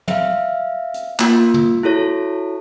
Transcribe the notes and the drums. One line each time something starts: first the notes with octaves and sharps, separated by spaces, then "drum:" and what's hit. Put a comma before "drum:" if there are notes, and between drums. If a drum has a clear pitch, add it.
E5 F5, drum: tom
drum: hi-hat
A#3 F4, drum: clap
drum: tom
E4 F#4 A4 C#5